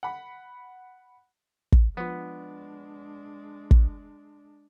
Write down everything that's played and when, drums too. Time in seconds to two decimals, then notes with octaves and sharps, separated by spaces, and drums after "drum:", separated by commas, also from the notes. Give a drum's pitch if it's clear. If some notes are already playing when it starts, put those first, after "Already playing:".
0.03 F#5 B5
1.72 drum: kick
1.97 F3 G#3 B3 D4 F4
3.71 drum: kick